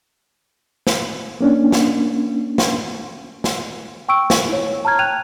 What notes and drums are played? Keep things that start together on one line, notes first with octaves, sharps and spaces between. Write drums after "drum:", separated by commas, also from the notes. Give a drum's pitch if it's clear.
drum: snare
A#3 C#4 D4
drum: snare
drum: snare
drum: snare
G5 C#6 E6 D7
drum: snare
E4 C#5
A5 A#5 F6 G#6
G5 F#6 G#6 D#7 F7